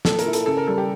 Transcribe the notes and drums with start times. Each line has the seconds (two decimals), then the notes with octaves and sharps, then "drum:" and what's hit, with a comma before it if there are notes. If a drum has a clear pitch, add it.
0.05 A#2 A4, drum: snare
0.19 A#4, drum: hi-hat
0.26 E4
0.33 A4, drum: hi-hat
0.46 C#3 A4
0.57 A#4
0.67 G3 A4
0.78 G4